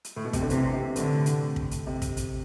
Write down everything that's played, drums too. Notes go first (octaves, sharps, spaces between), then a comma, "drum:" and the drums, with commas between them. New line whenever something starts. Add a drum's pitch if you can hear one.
drum: hi-hat
A2
B2
C3, drum: kick, hi-hat
D3
C3 E3, drum: hi-hat
C3
A2 D3, drum: hi-hat
drum: hi-hat
drum: kick
drum: hi-hat
C3
drum: kick, hi-hat
drum: hi-hat